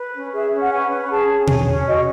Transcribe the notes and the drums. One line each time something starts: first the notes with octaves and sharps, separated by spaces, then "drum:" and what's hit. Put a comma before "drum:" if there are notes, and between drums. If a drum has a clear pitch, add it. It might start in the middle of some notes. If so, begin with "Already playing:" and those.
Already playing: B4
C#4
G#4 E5
C#4
F#5
B4 G#5
C#4
B5
G#4 A5
C#4
C#5 G#5, drum: tom B2
C#4
F#4 D#5